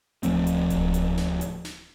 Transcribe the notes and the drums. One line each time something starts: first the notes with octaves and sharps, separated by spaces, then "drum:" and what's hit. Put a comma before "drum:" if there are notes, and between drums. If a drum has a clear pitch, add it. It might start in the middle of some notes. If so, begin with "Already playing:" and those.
D1 F3 A3 C4, drum: hi-hat
drum: hi-hat
drum: kick D1, hi-hat
drum: hi-hat
drum: snare
drum: hi-hat
drum: snare